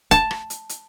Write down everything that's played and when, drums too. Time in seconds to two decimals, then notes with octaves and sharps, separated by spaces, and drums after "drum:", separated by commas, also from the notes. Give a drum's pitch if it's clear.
0.11 A5, drum: kick D#1, hi-hat
0.31 drum: rim click
0.50 drum: hi-hat
0.69 drum: hi-hat